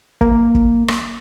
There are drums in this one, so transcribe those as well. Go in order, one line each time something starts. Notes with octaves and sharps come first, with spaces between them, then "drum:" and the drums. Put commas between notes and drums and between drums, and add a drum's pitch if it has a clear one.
A#3, drum: kick
drum: kick
drum: rim click